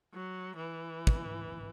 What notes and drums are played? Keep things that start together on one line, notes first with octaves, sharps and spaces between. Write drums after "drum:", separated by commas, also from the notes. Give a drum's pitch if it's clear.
F#3
E3
drum: kick